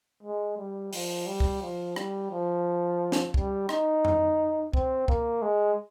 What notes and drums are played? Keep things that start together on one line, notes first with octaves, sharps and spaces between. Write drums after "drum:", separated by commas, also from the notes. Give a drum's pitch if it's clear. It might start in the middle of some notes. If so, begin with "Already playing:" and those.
G#3
G3
F3, drum: open hi-hat
G3
drum: kick C2
F3
G3, drum: rim click
F3
drum: snare
G3, drum: kick C2
D#4, drum: rim click
drum: tom F2
C4, drum: kick C2
A#3, drum: kick C2
G#3